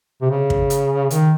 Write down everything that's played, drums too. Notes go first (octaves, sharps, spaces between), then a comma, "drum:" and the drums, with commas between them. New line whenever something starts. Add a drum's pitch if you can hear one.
C3
C#3
drum: kick
drum: hi-hat
D#3, drum: hi-hat